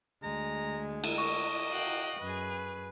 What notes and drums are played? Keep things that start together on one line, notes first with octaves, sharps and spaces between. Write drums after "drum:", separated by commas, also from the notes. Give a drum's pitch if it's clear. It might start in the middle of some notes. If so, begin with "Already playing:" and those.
D2 G#3 A#5
drum: cymbal
D#5 C#6
F#4 F5 G5 F#6
F#2 G#4 B4